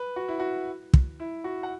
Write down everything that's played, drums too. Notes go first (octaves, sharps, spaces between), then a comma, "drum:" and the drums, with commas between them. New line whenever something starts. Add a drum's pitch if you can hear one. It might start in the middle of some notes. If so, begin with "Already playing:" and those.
Already playing: B4
F#4
E4
F#4
drum: kick
E4
F#4
F#5